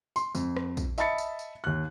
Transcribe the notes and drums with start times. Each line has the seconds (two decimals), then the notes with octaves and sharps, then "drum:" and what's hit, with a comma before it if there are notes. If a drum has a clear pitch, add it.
0.16 C6, drum: tambourine
0.35 F2, drum: tambourine
0.56 drum: rim click
0.77 drum: kick, tambourine
0.98 D#5 E5 A5 B5 A6 C#7, drum: tambourine
1.18 drum: tambourine
1.39 drum: tambourine
1.64 D#2 F#6